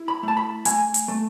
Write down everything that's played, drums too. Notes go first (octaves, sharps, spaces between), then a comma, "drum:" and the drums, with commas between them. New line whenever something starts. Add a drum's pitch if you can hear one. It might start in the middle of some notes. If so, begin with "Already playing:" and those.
Already playing: E4
B5
A3 A5
B5
A3 G#5, drum: hi-hat
drum: hi-hat
A3